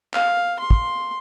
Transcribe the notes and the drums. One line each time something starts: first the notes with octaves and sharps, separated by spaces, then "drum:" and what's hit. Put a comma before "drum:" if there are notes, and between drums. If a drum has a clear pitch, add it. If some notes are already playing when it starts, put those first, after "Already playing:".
F5, drum: clap
C6
drum: kick